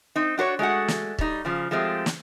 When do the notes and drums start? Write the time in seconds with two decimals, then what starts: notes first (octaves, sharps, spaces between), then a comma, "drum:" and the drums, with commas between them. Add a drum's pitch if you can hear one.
0.16 C4 D#4
0.38 D4 F#4 C5 C#5
0.59 G#3 A3 F#4 F#5
0.88 drum: snare
1.19 G3 D#4, drum: kick
1.45 C#3 F3
1.71 F3 G#3 A3 C4 G4
2.06 drum: snare